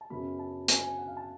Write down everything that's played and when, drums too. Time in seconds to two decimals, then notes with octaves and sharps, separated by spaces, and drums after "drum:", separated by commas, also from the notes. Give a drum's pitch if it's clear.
0.01 A5
0.10 F#2 C#3 F#3 B3 B5
0.39 A5
0.68 G#5, drum: hi-hat
0.83 G#5
0.97 F#5
1.07 F5
1.17 A5